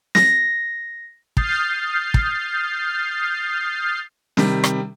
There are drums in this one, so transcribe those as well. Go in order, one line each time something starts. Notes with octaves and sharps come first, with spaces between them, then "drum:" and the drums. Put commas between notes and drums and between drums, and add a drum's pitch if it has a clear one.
A#6, drum: snare
D#6 F6 G6 A6 C7, drum: kick
drum: kick
C3 D#3 G3, drum: snare
drum: rim click